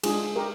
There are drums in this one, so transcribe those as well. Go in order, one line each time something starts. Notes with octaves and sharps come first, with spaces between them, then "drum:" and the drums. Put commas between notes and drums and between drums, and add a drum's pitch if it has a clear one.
G#3 D4 F4 G#4, drum: cymbal
G4 A#4